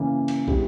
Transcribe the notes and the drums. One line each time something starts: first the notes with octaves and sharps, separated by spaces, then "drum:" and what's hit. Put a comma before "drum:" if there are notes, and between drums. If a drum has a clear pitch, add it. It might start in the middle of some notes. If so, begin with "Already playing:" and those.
Already playing: C#3 E3 A#3
drum: cymbal
G3 B3 E4 G#4, drum: kick